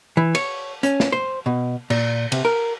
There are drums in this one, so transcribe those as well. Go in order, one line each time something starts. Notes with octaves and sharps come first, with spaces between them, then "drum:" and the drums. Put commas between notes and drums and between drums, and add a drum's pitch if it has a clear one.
E3
C#5, drum: cymbal
C#4, drum: hi-hat
drum: snare
C5
B2
A#2, drum: cymbal
C3, drum: cymbal
A#4